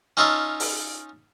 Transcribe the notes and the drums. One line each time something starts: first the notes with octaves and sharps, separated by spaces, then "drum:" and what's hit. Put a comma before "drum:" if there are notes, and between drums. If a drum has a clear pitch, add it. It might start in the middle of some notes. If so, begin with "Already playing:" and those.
C#4 D#4 F4 C#5 E5 A5
drum: open hi-hat